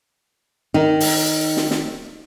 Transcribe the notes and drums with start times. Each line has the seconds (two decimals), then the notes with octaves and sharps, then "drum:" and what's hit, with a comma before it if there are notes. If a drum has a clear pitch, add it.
0.74 D#3 D#4
1.00 drum: open hi-hat
1.57 drum: snare
1.71 drum: snare